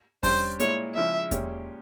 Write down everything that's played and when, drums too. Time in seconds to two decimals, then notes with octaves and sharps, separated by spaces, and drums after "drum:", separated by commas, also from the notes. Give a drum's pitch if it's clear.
0.23 G2 G3 C#4 G4 C5, drum: kick E2, open hi-hat
0.60 A#2 G#3 E4 C#5, drum: hi-hat
0.95 C#3 F3 G#3 E4 E5
1.31 A#2 G#3 C#4 G4, drum: kick E2, hi-hat